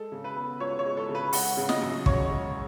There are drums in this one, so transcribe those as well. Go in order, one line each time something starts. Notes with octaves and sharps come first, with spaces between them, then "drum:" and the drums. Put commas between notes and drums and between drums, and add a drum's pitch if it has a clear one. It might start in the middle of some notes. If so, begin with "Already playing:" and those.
Already playing: G#3 A4
C#3
B4
B3
C#2 C#5
C#5
G#3
A4
C#3
B4
G#3 F#5, drum: open hi-hat
C#3
D#5, drum: snare
F#2
F#2 C#5, drum: kick
G#3